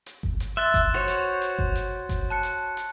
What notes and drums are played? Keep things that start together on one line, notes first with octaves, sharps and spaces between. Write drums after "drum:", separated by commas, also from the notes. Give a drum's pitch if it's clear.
drum: hi-hat
drum: kick G1
drum: hi-hat
E5 C6 F#6 A6
drum: kick G1, hi-hat
F#4 C5 C#5
drum: hi-hat
drum: hi-hat
drum: kick G1
drum: hi-hat
drum: kick G1, hi-hat
A5 F#6 C#7
drum: hi-hat
drum: hi-hat